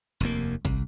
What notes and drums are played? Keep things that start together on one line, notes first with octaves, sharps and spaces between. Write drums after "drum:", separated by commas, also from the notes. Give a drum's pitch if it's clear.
F1 D#2 A#3
C2, drum: kick, hi-hat